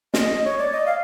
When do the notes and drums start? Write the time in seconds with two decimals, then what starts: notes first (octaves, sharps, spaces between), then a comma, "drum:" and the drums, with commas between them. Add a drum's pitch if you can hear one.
0.14 D#5, drum: snare
0.45 C#5
0.58 D5
0.72 D#5
0.86 F5